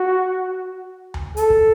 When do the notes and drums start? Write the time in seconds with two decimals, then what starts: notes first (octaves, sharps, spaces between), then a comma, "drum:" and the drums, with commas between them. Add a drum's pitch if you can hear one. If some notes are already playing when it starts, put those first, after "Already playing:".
Already playing: F#4
1.14 drum: tom D2
1.37 A4, drum: hi-hat
1.50 drum: kick